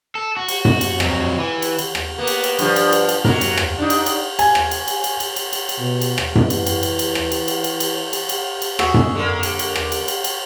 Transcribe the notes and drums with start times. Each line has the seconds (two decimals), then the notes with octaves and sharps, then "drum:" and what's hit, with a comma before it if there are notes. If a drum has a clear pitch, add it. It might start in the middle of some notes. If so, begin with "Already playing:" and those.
0.15 A4
0.37 F#4
0.48 drum: cymbal
0.65 drum: tom F#2
0.81 drum: cymbal
1.00 F2 F#3, drum: rim click
1.39 E3
1.62 drum: cymbal
1.79 drum: cymbal
1.95 drum: rim click
2.18 A#3 B3
2.27 drum: cymbal
2.44 drum: cymbal
2.59 G2 F3, drum: cymbal
2.76 drum: cymbal
2.92 drum: cymbal
3.09 drum: cymbal
3.24 G#2 F#3 A#4, drum: tom F#2
3.41 drum: cymbal
3.57 drum: rim click
3.78 D4 D#4
3.90 drum: cymbal
4.06 drum: cymbal
4.39 G#5, drum: cymbal
4.55 drum: rim click
4.71 drum: cymbal
4.88 drum: cymbal
5.04 drum: cymbal
5.20 drum: cymbal
5.36 drum: cymbal
5.53 drum: cymbal
5.69 drum: cymbal
5.79 B2
6.01 drum: cymbal
6.18 drum: rim click
6.35 E3, drum: tom F#2
6.50 drum: cymbal
6.66 drum: cymbal
6.83 drum: cymbal
6.99 drum: cymbal
7.15 drum: rim click
7.32 drum: cymbal
7.48 drum: cymbal
7.64 drum: cymbal
7.80 drum: cymbal
8.13 drum: cymbal
8.29 drum: cymbal
8.62 drum: cymbal
8.79 F#4 G#4 E5, drum: rim click
8.94 drum: tom F#2
9.15 D3 A#3
9.43 drum: cymbal
9.59 drum: cymbal
9.76 drum: rim click
9.92 drum: cymbal
10.08 drum: cymbal
10.24 drum: cymbal